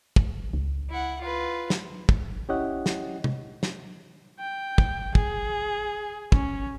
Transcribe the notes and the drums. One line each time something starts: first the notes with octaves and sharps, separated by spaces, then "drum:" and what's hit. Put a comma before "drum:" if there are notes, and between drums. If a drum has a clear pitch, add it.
drum: kick
C#2
E4 F#5
F4 B4
drum: snare
drum: kick
C#4 E4 G4 C#5 D#5 F#5
drum: snare
drum: tom C3
drum: snare
G5
drum: kick
G#4, drum: kick
C#4, drum: kick